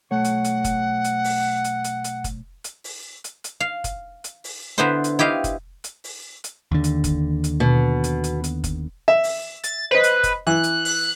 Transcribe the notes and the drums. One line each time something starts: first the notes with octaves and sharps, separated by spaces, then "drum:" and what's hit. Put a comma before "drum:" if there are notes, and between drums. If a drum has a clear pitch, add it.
B1 A3 C#5 F#5
drum: hi-hat
drum: hi-hat
drum: kick, hi-hat
drum: hi-hat
drum: open hi-hat
drum: hi-hat
drum: hi-hat
drum: hi-hat
drum: kick, hi-hat
drum: hi-hat
drum: open hi-hat
drum: hi-hat
drum: hi-hat
F5
drum: kick, hi-hat
drum: hi-hat
drum: open hi-hat
D3 B3 E4 B4 C5
drum: hi-hat
E4 G4 D#5 F5
drum: kick, hi-hat
drum: hi-hat
drum: open hi-hat
drum: hi-hat
D#2 D3
drum: hi-hat
drum: kick, hi-hat
drum: hi-hat
B2
drum: hi-hat
drum: hi-hat
drum: hi-hat
drum: kick, hi-hat
E5
drum: open hi-hat
A6, drum: hi-hat
B4 C5 D#5
drum: hi-hat
drum: kick, hi-hat
E3 F#6
drum: hi-hat
F#6, drum: open hi-hat